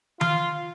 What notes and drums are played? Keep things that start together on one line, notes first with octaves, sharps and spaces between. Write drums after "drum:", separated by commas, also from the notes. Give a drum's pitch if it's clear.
F4, drum: tom D#3